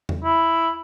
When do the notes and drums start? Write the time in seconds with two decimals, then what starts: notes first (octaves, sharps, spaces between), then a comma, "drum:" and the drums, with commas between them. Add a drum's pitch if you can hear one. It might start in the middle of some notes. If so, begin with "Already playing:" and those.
0.09 drum: tom E2
0.24 E4